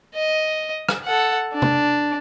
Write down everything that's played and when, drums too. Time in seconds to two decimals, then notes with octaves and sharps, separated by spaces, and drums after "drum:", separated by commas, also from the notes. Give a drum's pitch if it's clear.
0.15 D#5
0.89 drum: rim click
1.04 A4 F#5
1.53 D4
1.62 drum: tom